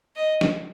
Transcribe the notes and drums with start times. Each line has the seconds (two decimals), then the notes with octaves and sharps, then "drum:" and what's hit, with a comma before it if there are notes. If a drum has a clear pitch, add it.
0.16 D#5
0.41 drum: snare